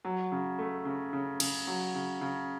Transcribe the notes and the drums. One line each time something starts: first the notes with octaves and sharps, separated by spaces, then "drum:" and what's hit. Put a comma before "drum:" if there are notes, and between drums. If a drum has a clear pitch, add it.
F#3
C#3
A3
C#3
C#3
C#3, drum: cymbal
F#3
C#3
C#3